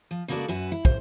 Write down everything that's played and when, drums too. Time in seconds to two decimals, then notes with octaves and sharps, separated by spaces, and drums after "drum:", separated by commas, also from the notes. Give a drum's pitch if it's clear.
0.11 F3
0.28 C#3 G#3 A#3 F#4 A4 D5
0.48 F#2 F#4 B4 E5 G#5
0.72 E4
0.85 C5, drum: kick